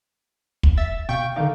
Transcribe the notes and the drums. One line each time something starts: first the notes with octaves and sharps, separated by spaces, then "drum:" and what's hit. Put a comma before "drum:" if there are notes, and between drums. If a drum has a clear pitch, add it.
drum: kick
E5 E6 A6
B2 F5 G5 C#6 G6
D3 D#3 D#4 D5 F5